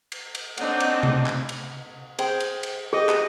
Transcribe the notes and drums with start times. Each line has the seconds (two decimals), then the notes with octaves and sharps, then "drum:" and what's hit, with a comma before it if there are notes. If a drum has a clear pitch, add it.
0.12 drum: cymbal
0.35 drum: cymbal
0.58 C4 D4 D#4 A4 C#5 F#5, drum: cymbal
0.80 drum: cymbal
1.03 drum: tom C3
1.26 drum: clap
1.49 drum: cymbal
2.19 G#4 C5 G5, drum: cymbal
2.40 drum: cymbal
2.63 drum: cymbal
2.93 G4 G#4 D#5
3.09 drum: clap